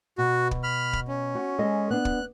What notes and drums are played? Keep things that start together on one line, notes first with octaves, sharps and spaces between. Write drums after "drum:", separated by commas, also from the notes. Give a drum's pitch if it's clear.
B2 F#4
drum: kick
B5 F6
drum: kick
C#4
F#4
G#3 A4 D#5
B3 D4 F#6
drum: kick